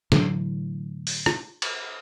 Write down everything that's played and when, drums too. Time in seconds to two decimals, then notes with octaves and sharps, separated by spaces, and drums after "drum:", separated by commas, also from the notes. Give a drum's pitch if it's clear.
0.12 A2 D3 E3 F#3, drum: snare
1.07 drum: open hi-hat
1.26 drum: rim click
1.62 drum: cymbal